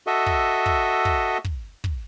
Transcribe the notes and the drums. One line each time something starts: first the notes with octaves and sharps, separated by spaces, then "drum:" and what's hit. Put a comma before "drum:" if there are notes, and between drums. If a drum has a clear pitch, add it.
F#4 A4 D#5 E5
drum: kick
drum: kick
drum: kick
drum: kick
drum: kick